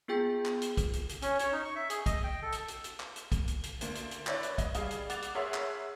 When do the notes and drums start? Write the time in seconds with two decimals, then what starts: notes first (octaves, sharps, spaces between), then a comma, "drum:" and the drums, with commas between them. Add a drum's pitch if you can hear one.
0.08 B3 F4 G#4 G5 G6
0.46 drum: clap
0.62 drum: hi-hat
0.77 drum: kick, hi-hat
0.93 drum: hi-hat
1.09 drum: hi-hat
1.22 C#4, drum: hi-hat
1.39 C#5, drum: hi-hat
1.52 D#4
1.65 C#6
1.76 E5
1.90 G#4, drum: hi-hat
2.06 D#5, drum: kick, hi-hat
2.24 G5
2.42 A4
2.52 drum: hi-hat
2.68 drum: hi-hat
2.84 drum: hi-hat
3.00 drum: clap
3.16 drum: hi-hat
3.32 drum: kick, hi-hat
3.48 drum: hi-hat
3.63 drum: hi-hat
3.81 D2 A#3, drum: hi-hat
3.95 drum: hi-hat
4.11 drum: hi-hat
4.27 E4 B4 C#5 D5, drum: clap
4.43 drum: hi-hat
4.58 D#5, drum: kick, hi-hat
4.74 G3 G#4 F5 D#6, drum: hi-hat
4.91 drum: hi-hat
5.09 F#5 D6 A6 F7, drum: hi-hat
5.22 drum: hi-hat
5.35 G#4 A#4 C#5 E5 F#5 C6
5.54 drum: clap